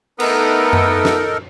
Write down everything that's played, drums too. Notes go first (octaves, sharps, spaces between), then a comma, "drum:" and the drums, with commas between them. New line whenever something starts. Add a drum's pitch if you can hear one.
D3 A3 B3 D#4 A4 A#4, drum: cymbal
drum: tom F#2
drum: snare